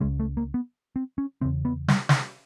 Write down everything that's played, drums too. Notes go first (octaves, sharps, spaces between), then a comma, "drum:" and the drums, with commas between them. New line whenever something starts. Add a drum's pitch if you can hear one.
C#2 C#3 G#3
A3
A#3
B3
C4
C#4
E2 C#3 C4
B3
G3, drum: snare
drum: snare